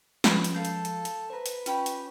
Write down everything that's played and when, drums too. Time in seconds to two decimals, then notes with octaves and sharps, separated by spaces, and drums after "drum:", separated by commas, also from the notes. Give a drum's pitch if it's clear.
0.24 F3 G#3 C#4 G#4 B4, drum: snare
0.44 drum: hi-hat
0.54 A4 F5 G6
0.65 drum: hi-hat
0.85 drum: hi-hat
1.05 drum: hi-hat
1.30 B4 C5 A#5
1.46 drum: hi-hat
1.66 C#4 F4 G4 B5, drum: hi-hat
1.86 drum: hi-hat